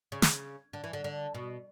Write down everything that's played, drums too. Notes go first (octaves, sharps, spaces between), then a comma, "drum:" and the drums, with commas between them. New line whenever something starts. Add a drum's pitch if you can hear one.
C#3
drum: snare
D3
E3
D3
D3
B2